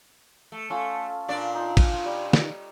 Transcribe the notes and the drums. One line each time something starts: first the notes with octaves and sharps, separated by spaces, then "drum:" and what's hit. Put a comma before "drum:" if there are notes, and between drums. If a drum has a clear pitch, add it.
A3
A3 C#4 F4 A4 F5
A#2 D4 D5
D#4 F4
drum: kick, cymbal
G3
drum: snare